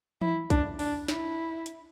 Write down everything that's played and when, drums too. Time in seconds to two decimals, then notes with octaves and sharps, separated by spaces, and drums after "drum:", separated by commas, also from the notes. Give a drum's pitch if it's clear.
0.21 E4, drum: tom E3
0.50 D4, drum: kick, hi-hat
0.79 D4, drum: open hi-hat
1.08 E4, drum: snare
1.66 drum: hi-hat